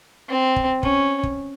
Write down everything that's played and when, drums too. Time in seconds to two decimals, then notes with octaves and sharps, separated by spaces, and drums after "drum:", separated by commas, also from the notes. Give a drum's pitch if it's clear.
0.29 C4
0.56 drum: kick
0.83 C#4, drum: kick
1.23 drum: kick